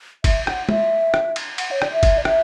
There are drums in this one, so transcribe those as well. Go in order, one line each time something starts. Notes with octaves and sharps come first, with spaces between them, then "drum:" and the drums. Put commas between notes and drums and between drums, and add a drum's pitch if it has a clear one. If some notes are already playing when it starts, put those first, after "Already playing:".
E5, drum: kick, cymbal
F#5, drum: rim click
E5, drum: tom
drum: rim click
drum: cymbal
F#5, drum: cymbal
C#5
D5, drum: rim click
E5
drum: kick, cymbal
D5
E5, drum: rim click